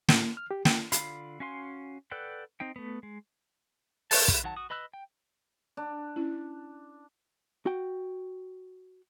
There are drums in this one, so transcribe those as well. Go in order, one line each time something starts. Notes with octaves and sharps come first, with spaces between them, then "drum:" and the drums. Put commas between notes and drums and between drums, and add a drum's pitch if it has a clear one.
A2, drum: snare
A#3
F6
G4
G5, drum: snare
D3 F4 F5 B5, drum: hi-hat
C#4 F#4 F5 G#5 C6
A4 B4 D5 F#5 G5
C4 D#4 G5
A3 B3
G#3
A5, drum: open hi-hat
B4, drum: kick
D#3 F#3 F#5 A5
F#4 D#6
B4 D#5 B5 E6 F#6
G5
D4
C#4 E4
F#4 G5